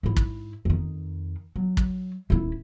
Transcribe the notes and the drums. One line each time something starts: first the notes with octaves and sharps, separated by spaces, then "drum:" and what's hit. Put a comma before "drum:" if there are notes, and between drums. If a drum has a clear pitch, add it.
G#2 E4
drum: kick
F2 D#3
F#3
drum: kick
D#1 E4